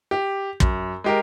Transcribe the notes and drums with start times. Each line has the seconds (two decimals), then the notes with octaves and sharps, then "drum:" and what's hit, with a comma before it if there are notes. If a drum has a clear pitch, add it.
0.11 G4
0.60 F#2, drum: kick
1.04 G#3 G4 A#4